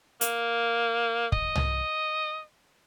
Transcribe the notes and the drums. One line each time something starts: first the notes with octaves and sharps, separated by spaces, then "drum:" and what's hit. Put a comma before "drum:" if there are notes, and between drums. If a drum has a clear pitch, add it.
A#3, drum: hi-hat
D#5, drum: kick
drum: tom